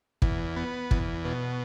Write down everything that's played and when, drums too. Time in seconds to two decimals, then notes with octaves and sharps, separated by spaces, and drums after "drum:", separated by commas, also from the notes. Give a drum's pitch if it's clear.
0.22 E2, drum: kick
0.56 B3
0.91 E2, drum: kick
1.25 B2